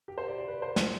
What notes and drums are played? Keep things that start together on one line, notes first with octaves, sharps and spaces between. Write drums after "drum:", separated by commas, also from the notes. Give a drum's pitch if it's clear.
G4
C5
D5
D5
B4
C5
C5, drum: snare